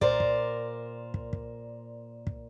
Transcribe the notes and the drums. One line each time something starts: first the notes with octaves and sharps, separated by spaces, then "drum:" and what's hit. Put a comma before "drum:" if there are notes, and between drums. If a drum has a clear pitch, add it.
A#2 A#4 C5 D5, drum: kick
drum: kick
drum: kick
drum: kick
drum: kick